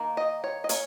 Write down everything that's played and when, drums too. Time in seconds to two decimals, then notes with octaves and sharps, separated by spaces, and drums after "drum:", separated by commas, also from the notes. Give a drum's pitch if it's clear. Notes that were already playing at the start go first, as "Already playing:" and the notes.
Already playing: D#3 A#3
0.17 D#5
0.44 C#5
0.64 D#5
0.69 A#3 C#4 C#5, drum: hi-hat